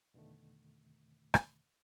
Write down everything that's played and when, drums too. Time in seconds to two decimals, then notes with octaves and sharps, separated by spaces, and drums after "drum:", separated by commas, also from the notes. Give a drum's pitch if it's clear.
0.14 F2 B2 D3 D#3 A3
1.34 drum: rim click